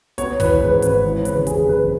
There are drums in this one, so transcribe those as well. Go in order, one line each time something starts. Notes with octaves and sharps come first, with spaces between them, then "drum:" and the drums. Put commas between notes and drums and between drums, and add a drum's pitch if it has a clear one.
B3 C#5, drum: hi-hat
E3 B4, drum: kick, open hi-hat
G#2 B4
G#1 B4, drum: hi-hat
E3 C#5
C#3 B4, drum: hi-hat
E2 G#4, drum: hi-hat
F#1 B4